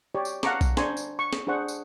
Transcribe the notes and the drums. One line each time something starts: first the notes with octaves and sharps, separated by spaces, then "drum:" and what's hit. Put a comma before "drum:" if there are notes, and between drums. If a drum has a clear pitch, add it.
G4 C#5 D5
drum: tambourine
F5 F#5 A5 A#5 C#6 D6, drum: snare
drum: kick B1, tambourine
D4 C5 G#5 A#5 C6 C#6, drum: snare
drum: tambourine
C#6
drum: snare
D4 G#4 C5 F#5 C#6
drum: tambourine